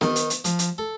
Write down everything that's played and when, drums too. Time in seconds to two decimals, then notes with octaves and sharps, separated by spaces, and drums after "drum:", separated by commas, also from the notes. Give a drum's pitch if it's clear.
0.01 D#3, drum: snare B3
0.16 drum: hi-hat
0.30 drum: hi-hat
0.45 F3, drum: hi-hat
0.59 drum: hi-hat
0.78 A4